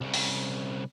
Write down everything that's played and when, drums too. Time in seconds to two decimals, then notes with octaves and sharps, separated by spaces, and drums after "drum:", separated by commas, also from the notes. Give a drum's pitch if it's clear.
0.01 C2 C#3
0.14 drum: open hi-hat